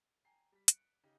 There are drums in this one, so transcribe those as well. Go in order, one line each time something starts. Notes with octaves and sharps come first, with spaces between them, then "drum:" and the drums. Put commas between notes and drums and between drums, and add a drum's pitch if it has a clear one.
G5 G#5 A#5 C7
G3 B6
F#6 C#7 D7, drum: hi-hat
C#3 D#4 G4